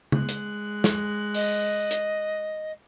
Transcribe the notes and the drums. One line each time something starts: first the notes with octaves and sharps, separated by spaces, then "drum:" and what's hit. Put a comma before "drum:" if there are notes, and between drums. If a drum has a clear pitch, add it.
G#3 F#6, drum: tom C#3
drum: hi-hat
drum: snare
D#5, drum: open hi-hat
drum: hi-hat